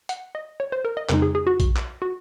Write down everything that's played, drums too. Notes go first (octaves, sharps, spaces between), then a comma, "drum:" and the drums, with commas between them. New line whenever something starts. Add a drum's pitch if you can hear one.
F#5, drum: hi-hat
D#5
C#5
C5
A#4
D#5
F2 C#3 G#3 D#4 A#4, drum: clap
G#4
G#4
F#4
drum: kick A#1, hi-hat
drum: clap
F#4